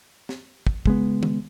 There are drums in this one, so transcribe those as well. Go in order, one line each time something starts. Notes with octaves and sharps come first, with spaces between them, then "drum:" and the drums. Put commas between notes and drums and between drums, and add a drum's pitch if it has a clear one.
drum: snare
drum: kick
C#3 G#3 B3, drum: kick
drum: tom